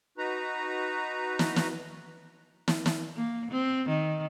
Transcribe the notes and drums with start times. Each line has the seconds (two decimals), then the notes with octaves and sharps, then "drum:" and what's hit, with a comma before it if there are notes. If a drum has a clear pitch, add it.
0.18 D#4 F#4 B4 A#5
1.39 drum: snare
1.56 drum: snare
2.68 drum: snare
2.86 drum: snare
3.16 A#3
3.51 C4
3.89 D#3